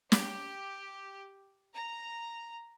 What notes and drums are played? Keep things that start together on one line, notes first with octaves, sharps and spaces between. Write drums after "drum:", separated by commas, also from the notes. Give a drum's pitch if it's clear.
G4, drum: snare
A#5